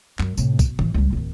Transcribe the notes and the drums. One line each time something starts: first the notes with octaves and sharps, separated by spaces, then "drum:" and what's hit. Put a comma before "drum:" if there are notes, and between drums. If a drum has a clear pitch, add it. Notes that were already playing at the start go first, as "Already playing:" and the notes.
F#2, drum: clap
A2 C3, drum: tambourine
B1, drum: kick B1, tambourine
A1 E3, drum: tom
C#2 G3
D1 D#3